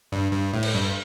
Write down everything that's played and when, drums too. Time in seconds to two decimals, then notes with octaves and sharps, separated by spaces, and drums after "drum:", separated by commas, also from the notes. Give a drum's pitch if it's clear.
0.12 G2
0.32 G2
0.54 A2
0.63 drum: cymbal
0.74 G2